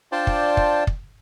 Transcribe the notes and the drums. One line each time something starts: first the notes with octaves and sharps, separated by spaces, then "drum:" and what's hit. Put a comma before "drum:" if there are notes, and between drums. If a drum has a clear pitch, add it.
D4 F4 C5 D5 G5 A5
drum: kick
drum: kick
drum: kick